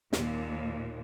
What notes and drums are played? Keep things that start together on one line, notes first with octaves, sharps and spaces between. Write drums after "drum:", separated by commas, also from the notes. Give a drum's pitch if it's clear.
D#2 A#2, drum: snare